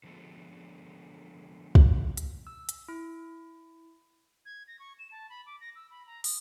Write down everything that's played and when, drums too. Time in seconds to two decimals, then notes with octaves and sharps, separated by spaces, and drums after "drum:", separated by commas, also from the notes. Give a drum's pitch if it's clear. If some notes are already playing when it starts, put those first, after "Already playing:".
0.04 D3 F3 G#3 A3 B3 A4
1.75 drum: kick
2.17 drum: hi-hat
2.47 E6
2.69 drum: hi-hat
2.88 E4
4.45 G#6
4.68 A#6
4.79 C#6
4.99 E7
5.11 A5
5.30 B5
5.46 D6
5.61 A#6
5.76 E6
5.91 B5
6.07 A#5
6.24 D#6, drum: open hi-hat